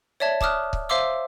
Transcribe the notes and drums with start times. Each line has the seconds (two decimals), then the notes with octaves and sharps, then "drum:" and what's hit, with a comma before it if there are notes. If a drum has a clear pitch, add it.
0.20 C#5 D5 E5 A5 G#6
0.41 A5 D6 D#6 F6 F#6, drum: kick C#1
0.73 drum: kick C#1
0.89 C5 E5 F5 C6 D6 E6